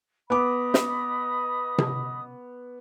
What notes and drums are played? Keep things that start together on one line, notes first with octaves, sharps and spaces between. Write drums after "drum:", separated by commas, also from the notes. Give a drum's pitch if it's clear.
B3 D#5 B5 D6 D#6
drum: snare
drum: tom C3